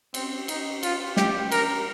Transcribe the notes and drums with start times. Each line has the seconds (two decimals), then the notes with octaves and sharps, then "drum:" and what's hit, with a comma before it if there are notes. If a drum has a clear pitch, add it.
0.14 C4, drum: cymbal
0.48 D#4, drum: cymbal
0.83 F4, drum: cymbal
1.17 G4, drum: snare
1.52 A#4, drum: cymbal